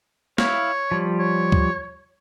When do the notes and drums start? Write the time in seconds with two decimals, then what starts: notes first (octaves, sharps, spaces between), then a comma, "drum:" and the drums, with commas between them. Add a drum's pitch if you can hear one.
0.38 E4 C#5 F5, drum: snare
0.91 F3 G3
1.19 C#5
1.52 drum: kick D2